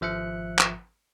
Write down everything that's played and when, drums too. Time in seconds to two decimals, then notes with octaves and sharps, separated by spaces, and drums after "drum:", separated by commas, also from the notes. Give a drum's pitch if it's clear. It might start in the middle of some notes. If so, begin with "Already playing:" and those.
0.01 G#1 F3 E5 F#6 C#7
0.59 drum: clap